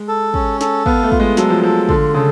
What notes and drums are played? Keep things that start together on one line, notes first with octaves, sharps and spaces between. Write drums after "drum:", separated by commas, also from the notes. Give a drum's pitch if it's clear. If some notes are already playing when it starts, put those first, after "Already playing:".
Already playing: G#3
A4
C#4, drum: kick
A4, drum: snare
B3 F5, drum: kick
A3
F4, drum: kick
G#3
F#3 A4, drum: snare
F3
F3 A4
D3 F4, drum: kick
C#3 A4